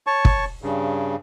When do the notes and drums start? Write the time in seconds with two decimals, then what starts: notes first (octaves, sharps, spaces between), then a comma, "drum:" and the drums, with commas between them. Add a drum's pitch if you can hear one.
0.07 C#5 A5 C#6
0.25 drum: kick
0.62 G2 C#3